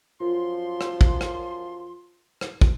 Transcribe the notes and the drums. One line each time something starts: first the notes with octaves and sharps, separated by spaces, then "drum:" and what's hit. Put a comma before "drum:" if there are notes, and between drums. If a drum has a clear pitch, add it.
F#2 F3 F4 C6
drum: rim click
drum: kick
drum: rim click
drum: rim click
drum: kick